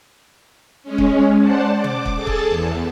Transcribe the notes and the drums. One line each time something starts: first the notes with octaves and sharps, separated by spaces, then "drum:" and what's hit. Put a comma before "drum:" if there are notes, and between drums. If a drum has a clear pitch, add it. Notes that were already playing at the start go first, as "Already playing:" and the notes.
G#3 C#4
drum: kick
C5 D5 F#5 A5
D6
drum: tom
drum: kick
G#4 A4 A5
drum: kick
E2